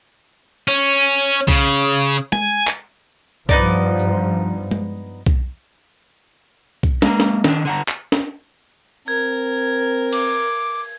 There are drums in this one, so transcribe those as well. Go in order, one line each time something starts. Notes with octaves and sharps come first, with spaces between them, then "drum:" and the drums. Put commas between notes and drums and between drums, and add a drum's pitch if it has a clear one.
C#4, drum: hi-hat
C#3, drum: kick B1
G#5, drum: tom G#3
drum: clap
G2 F3 B3 D#4 D5, drum: kick B1
drum: tambourine
drum: tom G#3
drum: kick B1
drum: kick B1
G#3 A#3 A#5, drum: snare
drum: snare
D#3 D4, drum: snare
D3 F#5 A#5
drum: clap
drum: snare
C4 A#4 G#6
D6, drum: cymbal